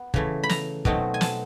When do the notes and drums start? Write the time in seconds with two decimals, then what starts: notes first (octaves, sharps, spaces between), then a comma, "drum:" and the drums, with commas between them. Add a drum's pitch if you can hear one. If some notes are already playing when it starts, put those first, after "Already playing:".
Already playing: B3
0.14 C#3 E3 A3, drum: kick
0.43 B5
0.49 A#5, drum: snare
0.85 B2 F#3 A3 C4 D#4, drum: kick
1.14 G#5
1.21 A5, drum: snare